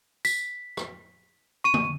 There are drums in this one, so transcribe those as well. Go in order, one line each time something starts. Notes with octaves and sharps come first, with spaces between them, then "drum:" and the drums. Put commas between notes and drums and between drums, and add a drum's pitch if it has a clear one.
B6, drum: tambourine
drum: rim click
C#6 D#7
drum: tom